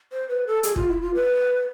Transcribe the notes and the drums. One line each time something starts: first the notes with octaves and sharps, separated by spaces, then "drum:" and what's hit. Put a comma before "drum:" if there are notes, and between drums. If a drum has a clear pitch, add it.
C5
B4
A4
G#4, drum: hi-hat
F4, drum: kick
E4
F4
B4